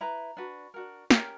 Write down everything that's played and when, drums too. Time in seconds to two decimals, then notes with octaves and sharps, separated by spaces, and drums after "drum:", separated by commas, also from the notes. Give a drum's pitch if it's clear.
0.01 E4 B4 A#5
0.37 D4 F#4 B4
0.74 D4 F#4 A#4
1.10 C#4 G4 A#4, drum: snare